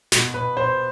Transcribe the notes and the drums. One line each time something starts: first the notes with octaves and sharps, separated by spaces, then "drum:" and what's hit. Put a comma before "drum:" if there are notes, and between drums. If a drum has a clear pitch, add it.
B2, drum: snare
B2 B4
B2 C5